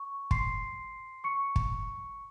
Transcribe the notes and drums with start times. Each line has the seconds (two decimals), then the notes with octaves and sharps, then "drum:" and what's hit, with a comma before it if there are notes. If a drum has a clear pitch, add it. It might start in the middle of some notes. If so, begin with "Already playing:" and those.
Already playing: C#6
0.31 C6 C7, drum: kick
1.24 C#6 C#7
1.56 drum: kick